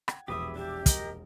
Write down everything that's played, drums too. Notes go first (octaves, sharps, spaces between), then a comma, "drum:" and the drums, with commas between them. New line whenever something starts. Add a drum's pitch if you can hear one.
F#5 G5 G#6, drum: rim click
E1 A#1 E2 G4 B4 E5 D#6
D4 G4 E5
A#4 D#5, drum: kick, hi-hat